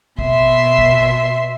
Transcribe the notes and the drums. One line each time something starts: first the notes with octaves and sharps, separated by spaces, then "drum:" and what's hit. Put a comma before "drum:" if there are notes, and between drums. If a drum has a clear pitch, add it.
B2 E5 C6, drum: kick
drum: kick